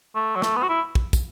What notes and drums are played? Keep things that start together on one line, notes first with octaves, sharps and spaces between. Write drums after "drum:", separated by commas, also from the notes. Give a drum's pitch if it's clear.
A3
F#3
A3, drum: snare
B3
F#4
E4
drum: kick
drum: kick, tambourine